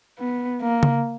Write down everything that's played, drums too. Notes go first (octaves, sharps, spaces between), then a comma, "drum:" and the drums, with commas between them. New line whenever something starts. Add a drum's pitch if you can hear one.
B3
A#3
drum: tom C#3